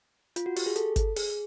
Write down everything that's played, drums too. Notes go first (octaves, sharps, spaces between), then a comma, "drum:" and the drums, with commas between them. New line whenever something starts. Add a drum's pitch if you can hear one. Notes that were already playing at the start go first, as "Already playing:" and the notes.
F4, drum: hi-hat
F#4
G4, drum: open hi-hat
G#4
A4, drum: hi-hat
drum: kick G1, hi-hat
G#4, drum: open hi-hat